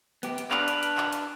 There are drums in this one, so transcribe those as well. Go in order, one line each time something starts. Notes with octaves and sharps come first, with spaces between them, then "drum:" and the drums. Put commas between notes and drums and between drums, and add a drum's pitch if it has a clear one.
B3 G4, drum: hi-hat
drum: hi-hat
D4 B4 D5 F5, drum: clap
drum: hi-hat
drum: hi-hat
drum: clap
drum: hi-hat